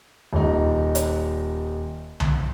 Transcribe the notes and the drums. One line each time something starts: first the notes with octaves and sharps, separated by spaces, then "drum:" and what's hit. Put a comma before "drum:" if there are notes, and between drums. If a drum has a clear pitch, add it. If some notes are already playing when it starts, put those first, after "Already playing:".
D#1 D#4
drum: hi-hat
drum: tom C2